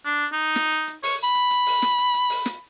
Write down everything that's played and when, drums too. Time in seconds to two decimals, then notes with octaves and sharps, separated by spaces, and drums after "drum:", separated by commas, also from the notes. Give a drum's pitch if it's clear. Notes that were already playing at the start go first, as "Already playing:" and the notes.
0.05 D4
0.32 D#4
0.56 drum: snare
0.71 drum: hi-hat
0.87 drum: hi-hat
1.03 C#5, drum: open hi-hat
1.23 B5
1.35 drum: hi-hat
1.51 drum: hi-hat
1.66 drum: open hi-hat
1.82 drum: snare
1.98 drum: hi-hat
2.14 drum: hi-hat
2.30 drum: open hi-hat
2.46 drum: snare